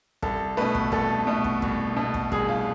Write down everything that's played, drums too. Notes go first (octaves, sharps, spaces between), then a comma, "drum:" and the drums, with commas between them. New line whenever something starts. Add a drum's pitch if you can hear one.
C2 A4, drum: kick
B2 A3 B4
drum: kick
C2 A4, drum: kick
B2 A3
drum: kick
C2, drum: kick
B2 A3
drum: kick
C2 G#4, drum: kick
F4